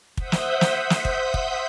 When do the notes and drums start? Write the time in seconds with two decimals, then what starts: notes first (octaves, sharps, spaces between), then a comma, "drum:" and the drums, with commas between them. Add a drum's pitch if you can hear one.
0.17 C5 E5 F#5 D#6 G6 B6, drum: kick
0.32 drum: snare
0.61 drum: snare
0.90 drum: snare
1.05 drum: kick
1.34 drum: kick